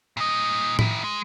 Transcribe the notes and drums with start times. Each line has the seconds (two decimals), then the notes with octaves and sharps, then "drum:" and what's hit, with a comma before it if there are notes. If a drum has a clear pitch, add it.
0.17 A#2 D#5
0.79 D#3 E4, drum: tom A2
1.04 G#3